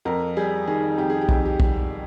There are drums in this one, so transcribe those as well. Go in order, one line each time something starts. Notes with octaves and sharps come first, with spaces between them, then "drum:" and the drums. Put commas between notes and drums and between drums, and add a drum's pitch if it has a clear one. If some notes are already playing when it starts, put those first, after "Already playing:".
F2 A#4
G3 G#4
D#3 G#4
F2 G4
G#4
G4
F2, drum: kick
G4
G3, drum: kick